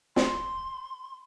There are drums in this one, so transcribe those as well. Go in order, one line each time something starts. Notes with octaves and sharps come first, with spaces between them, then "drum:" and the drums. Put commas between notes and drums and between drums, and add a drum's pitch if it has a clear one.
C6, drum: snare